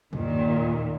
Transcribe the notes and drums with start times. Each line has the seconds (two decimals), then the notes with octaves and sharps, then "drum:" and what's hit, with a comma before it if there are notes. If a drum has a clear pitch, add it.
0.13 D#2 A#2 D#3, drum: tom